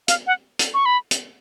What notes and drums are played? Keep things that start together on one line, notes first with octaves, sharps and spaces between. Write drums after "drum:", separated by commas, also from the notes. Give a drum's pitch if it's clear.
F5, drum: hi-hat
F#5
drum: hi-hat
C#6
B5
drum: hi-hat